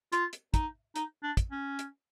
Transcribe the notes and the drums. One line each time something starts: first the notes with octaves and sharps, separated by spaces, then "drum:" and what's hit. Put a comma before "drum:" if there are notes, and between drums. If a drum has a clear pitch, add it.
F4, drum: hi-hat
drum: hi-hat
D#4, drum: kick, hi-hat
D#4, drum: hi-hat
D4
drum: kick, hi-hat
C#4
drum: hi-hat